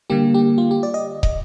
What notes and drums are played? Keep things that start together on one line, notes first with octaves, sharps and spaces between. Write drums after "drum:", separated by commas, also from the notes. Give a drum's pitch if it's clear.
D3 G3 A#3 G4
G4
F4
G4
D5
D#5
D#5, drum: kick